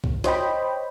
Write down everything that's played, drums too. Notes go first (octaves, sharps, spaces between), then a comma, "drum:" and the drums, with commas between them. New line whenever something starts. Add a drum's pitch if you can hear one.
drum: kick C2
C5 C#5 D#5 G5 B5, drum: snare